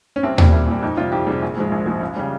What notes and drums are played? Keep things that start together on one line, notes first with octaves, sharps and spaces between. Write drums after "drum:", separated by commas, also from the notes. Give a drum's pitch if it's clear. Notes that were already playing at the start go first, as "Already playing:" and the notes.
C#4
C2 C4
A#2 G3, drum: tom D#2
C2
A#2 G3
F2 D#4
C3 G3 F4
F2 G4
C3 G3 G#4
A#1
G#2 F3 G#3
A#1
G#2 F3 G#3
C#2
C#3 G3